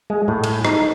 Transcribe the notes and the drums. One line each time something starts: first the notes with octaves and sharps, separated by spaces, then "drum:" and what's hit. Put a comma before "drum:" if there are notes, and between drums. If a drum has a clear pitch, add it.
G#3
A2
drum: cymbal
D#4, drum: rim click